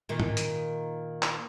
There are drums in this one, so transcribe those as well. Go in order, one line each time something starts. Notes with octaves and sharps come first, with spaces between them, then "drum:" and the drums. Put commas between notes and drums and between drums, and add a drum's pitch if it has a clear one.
A#2 D#3
drum: tom G#2
drum: hi-hat
drum: clap